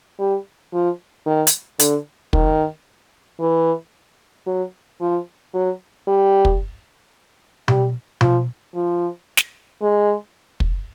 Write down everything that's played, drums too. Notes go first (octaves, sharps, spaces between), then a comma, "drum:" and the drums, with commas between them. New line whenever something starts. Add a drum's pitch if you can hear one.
G3
F3
D#3
drum: hi-hat
D3, drum: hi-hat
D#3, drum: kick
E3
F#3
F3
F#3
G3
drum: kick
G3, drum: tom B2
F3, drum: tom B2
F3
drum: snare
G#3
drum: kick